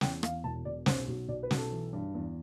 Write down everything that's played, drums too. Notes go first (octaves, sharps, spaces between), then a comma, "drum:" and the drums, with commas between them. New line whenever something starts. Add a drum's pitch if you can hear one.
E2 G5, drum: snare
E2 F5, drum: rim click
E1 A5
E1 D5
B1 C5, drum: snare
B1
B1 D5
B4
B1, drum: snare
A4
E3
G2
E2